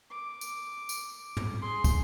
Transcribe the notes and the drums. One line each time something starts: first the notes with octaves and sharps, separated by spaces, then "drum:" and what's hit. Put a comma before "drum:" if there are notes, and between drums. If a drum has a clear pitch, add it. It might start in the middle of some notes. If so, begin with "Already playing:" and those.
D6
drum: tambourine
drum: tambourine
drum: tom
G#4 C6
drum: kick, tambourine